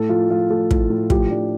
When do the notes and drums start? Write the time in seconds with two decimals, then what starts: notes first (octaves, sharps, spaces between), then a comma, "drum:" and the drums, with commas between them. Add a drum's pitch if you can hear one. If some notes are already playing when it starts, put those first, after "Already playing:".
Already playing: A2 A4
0.09 F3 F4
0.30 F3 F4
0.50 A2 A4
0.71 A2, drum: kick
0.90 A2
1.10 F3 G4, drum: kick
1.30 F3 D4